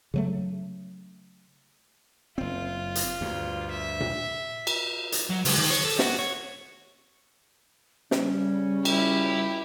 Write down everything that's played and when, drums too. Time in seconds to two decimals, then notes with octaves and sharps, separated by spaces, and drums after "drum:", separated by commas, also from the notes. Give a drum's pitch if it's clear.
0.14 C#3 F#3 A3
2.38 F#1 C4 F4
2.95 drum: hi-hat
3.21 D2 G2
3.71 E5
4.00 drum: tom A#2
4.67 drum: cymbal
5.12 drum: hi-hat
5.30 F#3
5.45 C#2, drum: open hi-hat
5.58 D#3
5.71 C#5
5.85 A4
5.99 F#4, drum: snare
6.19 C#5
8.11 C#3 G3 C#4, drum: snare
8.85 E4 G4, drum: cymbal